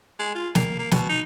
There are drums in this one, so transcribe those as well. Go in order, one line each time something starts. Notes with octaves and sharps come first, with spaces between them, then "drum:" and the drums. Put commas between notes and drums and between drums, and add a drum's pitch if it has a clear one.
G#3
F4
A#3, drum: snare
A#3
B2, drum: snare
D#4